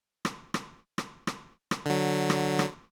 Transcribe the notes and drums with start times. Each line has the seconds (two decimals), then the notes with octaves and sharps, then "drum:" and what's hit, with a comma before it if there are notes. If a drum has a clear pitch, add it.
0.25 drum: rim click
0.54 drum: rim click
0.98 drum: rim click
1.27 drum: rim click
1.71 drum: rim click
1.86 D3 F#3
2.30 drum: rim click
2.59 drum: rim click